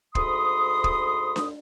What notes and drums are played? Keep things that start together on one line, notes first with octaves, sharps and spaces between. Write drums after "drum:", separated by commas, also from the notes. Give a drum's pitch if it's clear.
D2 G#2 B5 C6 D#6, drum: kick
drum: kick
drum: snare D4